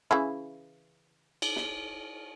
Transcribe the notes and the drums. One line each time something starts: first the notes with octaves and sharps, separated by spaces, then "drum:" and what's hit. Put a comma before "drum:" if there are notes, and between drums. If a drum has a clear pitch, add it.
C#3 E3 E4
drum: cymbal
drum: snare